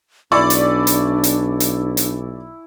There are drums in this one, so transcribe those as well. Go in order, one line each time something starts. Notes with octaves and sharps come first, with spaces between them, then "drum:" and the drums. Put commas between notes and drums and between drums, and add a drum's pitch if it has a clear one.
B1 D4 E4 D5 G#5 C#6
drum: hi-hat
drum: hi-hat
drum: hi-hat
drum: hi-hat
drum: hi-hat